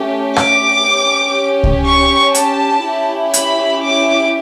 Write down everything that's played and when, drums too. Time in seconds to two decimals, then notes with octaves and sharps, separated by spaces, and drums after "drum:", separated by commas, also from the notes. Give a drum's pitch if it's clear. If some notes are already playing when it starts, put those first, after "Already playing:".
Already playing: A3 C#4 G4
0.36 D6, drum: rim click
0.86 C#4 G4
1.64 drum: kick C#2
1.85 C#6
2.35 A5, drum: hi-hat
2.84 C#4 E4 G4
3.34 B5, drum: hi-hat
3.83 D6